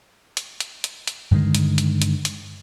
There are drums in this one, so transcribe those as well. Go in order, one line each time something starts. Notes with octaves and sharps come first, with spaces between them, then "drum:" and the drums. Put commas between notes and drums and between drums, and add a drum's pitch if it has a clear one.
drum: hi-hat
drum: hi-hat
drum: hi-hat
drum: hi-hat
G2 D3 D#3 G#3
drum: hi-hat
drum: hi-hat
drum: hi-hat
drum: hi-hat